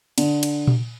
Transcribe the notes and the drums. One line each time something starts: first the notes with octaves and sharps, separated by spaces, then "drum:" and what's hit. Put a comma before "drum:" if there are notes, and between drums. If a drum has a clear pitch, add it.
D3, drum: cymbal
drum: cymbal
drum: tom A#2